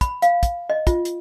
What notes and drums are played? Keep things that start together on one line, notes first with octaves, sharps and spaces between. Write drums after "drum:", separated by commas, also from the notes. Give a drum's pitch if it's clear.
B5, drum: kick, hi-hat
F5, drum: hi-hat
drum: kick, hi-hat
D#5
F4, drum: kick, hi-hat
drum: hi-hat